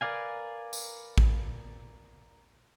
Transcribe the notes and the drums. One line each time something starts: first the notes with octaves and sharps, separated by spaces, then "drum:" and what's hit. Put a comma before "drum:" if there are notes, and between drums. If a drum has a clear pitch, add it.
A#4 B4 D5 F5 G#5
drum: tambourine
drum: kick A1